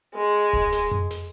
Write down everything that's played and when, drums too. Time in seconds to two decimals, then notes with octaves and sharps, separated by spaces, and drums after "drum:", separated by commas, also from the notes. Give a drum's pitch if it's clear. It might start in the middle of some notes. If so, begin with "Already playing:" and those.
0.15 G#3
0.53 drum: kick D1
0.72 drum: snare
0.91 drum: tom F2
1.11 drum: snare